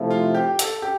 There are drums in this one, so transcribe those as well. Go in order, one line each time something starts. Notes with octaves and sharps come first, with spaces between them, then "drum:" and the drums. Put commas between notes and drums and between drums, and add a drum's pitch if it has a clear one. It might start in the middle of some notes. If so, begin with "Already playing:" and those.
Already playing: C3 F3 A3 E4
F4
G4
A4, drum: hi-hat
G4